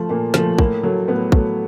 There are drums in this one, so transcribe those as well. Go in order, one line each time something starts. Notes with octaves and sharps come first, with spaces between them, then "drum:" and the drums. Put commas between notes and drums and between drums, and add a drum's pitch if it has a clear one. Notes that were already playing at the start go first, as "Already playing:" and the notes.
Already playing: F3 A3
A#2 A#3
F3 A3, drum: snare
A2 A#3, drum: kick
F#3 A3
A2 B3
F#3 A3, drum: kick